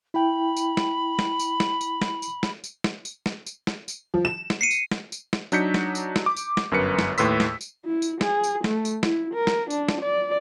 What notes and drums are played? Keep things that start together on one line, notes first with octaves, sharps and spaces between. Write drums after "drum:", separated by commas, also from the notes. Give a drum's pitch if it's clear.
E4 G5 B5
drum: tambourine
drum: snare
drum: snare
drum: tambourine
drum: snare
drum: tambourine
drum: snare
drum: tambourine
drum: snare
drum: tambourine
drum: snare
drum: tambourine
drum: snare
drum: tambourine
drum: snare
drum: tambourine
F3
E7
drum: snare
C7 C#7 D#7
drum: tambourine
drum: snare
drum: tambourine
drum: snare
F#3 D4 D#4 G6 B6 C#7, drum: tambourine
drum: snare
drum: tambourine
drum: snare
D6
drum: tambourine
drum: snare
G1 F#2 A#4 B4 C#7
drum: snare
D#2 A2 B4 C6 E6 B6, drum: tambourine
drum: snare
drum: tambourine
E4
drum: tambourine
G#4, drum: snare
drum: tambourine
A3, drum: snare
drum: tambourine
E4, drum: snare
A#4
drum: snare
D4, drum: tambourine
drum: snare
D5